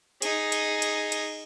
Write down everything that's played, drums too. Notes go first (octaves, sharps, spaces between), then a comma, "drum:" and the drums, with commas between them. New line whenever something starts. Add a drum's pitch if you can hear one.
D#4 G#4, drum: cymbal
drum: cymbal
drum: cymbal
drum: cymbal